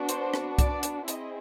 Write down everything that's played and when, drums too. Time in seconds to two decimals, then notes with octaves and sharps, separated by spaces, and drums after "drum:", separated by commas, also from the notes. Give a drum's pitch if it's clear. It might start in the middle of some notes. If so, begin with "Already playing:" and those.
Already playing: B3 D4 F#4
0.09 C5, drum: hi-hat
0.34 drum: rim click
0.58 D5, drum: kick, hi-hat
0.83 drum: hi-hat
1.08 C4 E4 G#4 D#5, drum: hi-hat